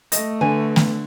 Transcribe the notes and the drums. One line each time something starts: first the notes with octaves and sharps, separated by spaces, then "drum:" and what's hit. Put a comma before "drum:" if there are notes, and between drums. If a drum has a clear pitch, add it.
A3 D#5 A#6, drum: hi-hat
D3 B4 G#5
drum: snare A3